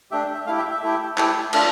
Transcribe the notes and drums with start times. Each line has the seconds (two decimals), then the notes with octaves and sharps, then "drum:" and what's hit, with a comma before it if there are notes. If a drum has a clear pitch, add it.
0.11 A3 D4 G4 E5
0.35 E5
0.46 A3 E4 G4 F5
0.58 E5
0.71 E5
0.83 A3 E4 G4
1.18 A3 E4 G4, drum: clap
1.53 A3 D4 F4 A5, drum: cymbal